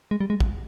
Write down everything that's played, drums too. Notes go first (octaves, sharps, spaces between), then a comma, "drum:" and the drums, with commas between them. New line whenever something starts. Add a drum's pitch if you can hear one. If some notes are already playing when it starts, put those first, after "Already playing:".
G#3
G3
G#3
drum: kick